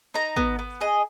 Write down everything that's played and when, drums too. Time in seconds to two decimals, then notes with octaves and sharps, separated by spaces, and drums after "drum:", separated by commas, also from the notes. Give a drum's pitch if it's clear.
0.14 D#4 A#5
0.36 B3, drum: kick
0.59 B3
0.81 G#4 D#5